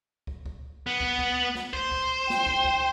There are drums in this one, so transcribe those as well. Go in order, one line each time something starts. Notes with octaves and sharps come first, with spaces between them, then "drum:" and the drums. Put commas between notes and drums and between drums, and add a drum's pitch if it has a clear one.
drum: kick
drum: kick
B3
drum: kick
drum: kick
drum: snare
C5, drum: kick
drum: kick
G5, drum: snare
drum: kick
drum: kick